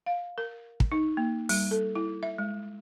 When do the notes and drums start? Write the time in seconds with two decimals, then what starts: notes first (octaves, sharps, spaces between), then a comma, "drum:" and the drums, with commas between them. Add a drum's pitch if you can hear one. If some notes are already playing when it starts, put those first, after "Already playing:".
0.06 F5
0.38 A#4
0.80 drum: kick
0.92 D#4
1.17 A#3
1.49 G3, drum: open hi-hat
1.71 A4
1.95 E4
2.23 E5
2.38 G#3